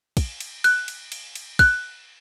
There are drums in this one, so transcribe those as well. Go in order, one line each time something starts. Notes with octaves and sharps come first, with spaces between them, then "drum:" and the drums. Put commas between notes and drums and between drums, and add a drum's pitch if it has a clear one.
drum: kick, cymbal
drum: cymbal
F#6, drum: cymbal
drum: cymbal
drum: cymbal
drum: cymbal
F#6, drum: kick, cymbal